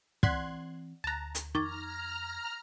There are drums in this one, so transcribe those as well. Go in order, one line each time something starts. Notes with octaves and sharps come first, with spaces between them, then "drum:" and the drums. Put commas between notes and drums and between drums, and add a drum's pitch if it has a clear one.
E3 C4 D5 F#5 C6 F#6 G#6 B6, drum: kick
D2 A5 A#5 F#6 A6
drum: hi-hat
F2 D#3 A#5 C#6 D6 F6 G#6 A6